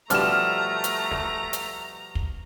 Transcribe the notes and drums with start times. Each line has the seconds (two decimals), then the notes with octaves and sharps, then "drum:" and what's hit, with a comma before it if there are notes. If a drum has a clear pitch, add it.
0.10 B2 F3 G3 A3 A#5 F6 E7, drum: hi-hat
0.84 drum: hi-hat
1.11 drum: snare
1.53 drum: hi-hat
2.15 drum: kick